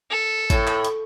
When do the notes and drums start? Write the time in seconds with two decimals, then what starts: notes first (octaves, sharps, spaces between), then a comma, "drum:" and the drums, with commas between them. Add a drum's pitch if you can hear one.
0.10 A4
0.50 A2, drum: kick G#1, hi-hat
0.67 drum: clap
0.85 drum: hi-hat